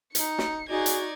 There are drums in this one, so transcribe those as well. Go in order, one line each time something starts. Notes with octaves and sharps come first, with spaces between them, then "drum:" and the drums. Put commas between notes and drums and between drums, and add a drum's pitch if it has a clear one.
D#4 C#7, drum: hi-hat
drum: snare
D#4 F#4 G#4 D5 G#6
drum: hi-hat